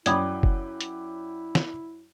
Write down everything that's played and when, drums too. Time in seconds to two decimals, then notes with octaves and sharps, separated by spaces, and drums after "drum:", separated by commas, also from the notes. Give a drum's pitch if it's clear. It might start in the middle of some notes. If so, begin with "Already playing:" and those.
0.06 F#2 E4 D5 G5 B5 D6 D#6 G#6, drum: hi-hat
0.43 drum: kick F#1
0.81 drum: hi-hat
1.55 drum: snare